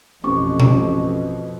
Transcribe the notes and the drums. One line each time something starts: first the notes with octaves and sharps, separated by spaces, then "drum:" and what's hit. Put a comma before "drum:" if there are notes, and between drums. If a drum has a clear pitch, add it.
A1 F2 B2 C4 C#6 D6
drum: tom B2